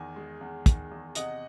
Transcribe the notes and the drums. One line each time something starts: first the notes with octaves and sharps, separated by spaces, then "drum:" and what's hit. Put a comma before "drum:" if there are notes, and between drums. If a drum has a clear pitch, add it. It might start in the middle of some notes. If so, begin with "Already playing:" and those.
Already playing: E2 D#3 G#5
G#3
E2
D#3, drum: kick, hi-hat
E2
C3 D#5 F#5, drum: hi-hat